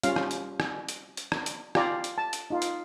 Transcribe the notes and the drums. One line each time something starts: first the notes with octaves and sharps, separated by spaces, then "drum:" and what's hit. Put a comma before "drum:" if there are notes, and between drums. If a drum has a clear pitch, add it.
G3 C#4 F4 F5, drum: hi-hat
drum: rim click
drum: hi-hat
drum: rim click
drum: hi-hat
drum: hi-hat
drum: rim click
drum: hi-hat
F4 G4 D5 A#5, drum: rim click
drum: hi-hat
A5
drum: hi-hat
D#4 F4
drum: hi-hat